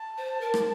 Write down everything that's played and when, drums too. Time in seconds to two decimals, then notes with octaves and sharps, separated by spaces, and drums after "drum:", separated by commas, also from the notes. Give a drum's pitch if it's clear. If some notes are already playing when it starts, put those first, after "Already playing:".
Already playing: A5
0.18 C5
0.30 A5
0.41 A#4
0.54 drum: rim click